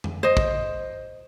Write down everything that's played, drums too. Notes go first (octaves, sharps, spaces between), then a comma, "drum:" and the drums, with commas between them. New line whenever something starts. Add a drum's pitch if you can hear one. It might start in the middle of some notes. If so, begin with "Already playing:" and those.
drum: tom F2
C5 D#5
drum: kick